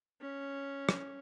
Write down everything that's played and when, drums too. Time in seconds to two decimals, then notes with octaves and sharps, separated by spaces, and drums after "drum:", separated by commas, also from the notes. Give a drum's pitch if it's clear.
0.21 C#4
0.89 drum: rim click